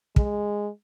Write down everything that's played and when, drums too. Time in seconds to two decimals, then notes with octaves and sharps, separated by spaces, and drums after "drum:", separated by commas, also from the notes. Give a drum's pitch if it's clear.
0.16 G#3, drum: kick